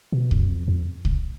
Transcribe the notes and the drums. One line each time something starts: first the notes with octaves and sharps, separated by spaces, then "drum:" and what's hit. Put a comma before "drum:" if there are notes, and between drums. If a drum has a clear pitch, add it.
B2
F#2, drum: kick C2
F2
F2
drum: kick C2